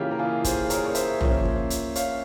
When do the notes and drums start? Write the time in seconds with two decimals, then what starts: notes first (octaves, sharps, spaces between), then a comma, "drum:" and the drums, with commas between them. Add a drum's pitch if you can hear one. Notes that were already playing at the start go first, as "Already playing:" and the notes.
Already playing: C#3 E3 A#3 C#4 E4 F4 G4
0.11 A#4
0.19 F4 G#4
0.44 G#4 C5, drum: kick, hi-hat
0.70 A#4 C#5, drum: hi-hat
0.85 C#5
0.95 C5 E5, drum: hi-hat
1.21 F3 A#3 C#4, drum: tom
1.45 drum: kick
1.70 drum: hi-hat
1.95 C#5 F5, drum: hi-hat